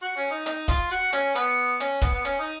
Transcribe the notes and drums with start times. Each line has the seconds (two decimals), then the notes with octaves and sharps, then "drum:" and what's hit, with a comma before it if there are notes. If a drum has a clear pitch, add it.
0.02 F#4
0.16 C#4
0.31 D#4
0.46 D#4, drum: hi-hat
0.68 F4, drum: kick, hi-hat
0.91 F#4
1.13 C#4, drum: hi-hat
1.35 B3, drum: hi-hat
1.80 C#4, drum: hi-hat
2.02 B3, drum: kick, hi-hat
2.13 B3
2.25 C#4, drum: hi-hat
2.39 D#4